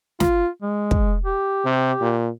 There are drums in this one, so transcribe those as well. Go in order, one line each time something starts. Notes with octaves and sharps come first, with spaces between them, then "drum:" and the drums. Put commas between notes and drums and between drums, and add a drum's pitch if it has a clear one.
F4, drum: snare
G#3
drum: kick
G4
C3
A#2